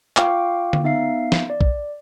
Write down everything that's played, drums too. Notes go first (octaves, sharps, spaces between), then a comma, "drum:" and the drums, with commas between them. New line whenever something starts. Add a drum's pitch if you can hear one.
F4 F5 G5 C#6 D6, drum: clap
drum: tom D3
B3 D#4 E5 F5 C7
drum: snare
D5
drum: kick